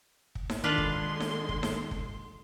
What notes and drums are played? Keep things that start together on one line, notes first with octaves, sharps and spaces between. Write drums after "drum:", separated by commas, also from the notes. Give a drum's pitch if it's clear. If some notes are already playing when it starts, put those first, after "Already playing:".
drum: kick
drum: snare D#4
D3 D#3 G#3 D4 F4 B4 C6
drum: kick
drum: snare D#4
drum: kick
drum: snare D#4
drum: kick